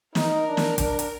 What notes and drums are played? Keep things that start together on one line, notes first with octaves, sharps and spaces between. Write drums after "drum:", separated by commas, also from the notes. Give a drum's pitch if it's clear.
D#4 A#4, drum: snare
D4
drum: snare
D4, drum: kick, hi-hat
drum: hi-hat